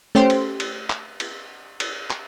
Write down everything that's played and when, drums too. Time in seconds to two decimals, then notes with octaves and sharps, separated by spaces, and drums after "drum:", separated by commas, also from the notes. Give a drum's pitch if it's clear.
0.15 A3 C#4 G4 C5 C6
0.30 drum: cymbal
0.60 drum: cymbal
0.90 drum: clap
1.20 drum: cymbal
1.80 drum: cymbal
2.10 drum: clap